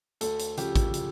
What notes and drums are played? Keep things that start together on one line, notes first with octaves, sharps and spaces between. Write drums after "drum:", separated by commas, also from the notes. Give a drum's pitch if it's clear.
D2 A4, drum: hi-hat
drum: hi-hat
C#3 F3 G4, drum: hi-hat
drum: kick A1, hi-hat
drum: hi-hat